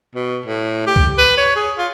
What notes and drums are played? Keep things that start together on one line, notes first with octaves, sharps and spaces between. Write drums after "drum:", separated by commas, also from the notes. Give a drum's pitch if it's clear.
B2
A2
G4
drum: kick C#2
B4
C#5
G#4
F4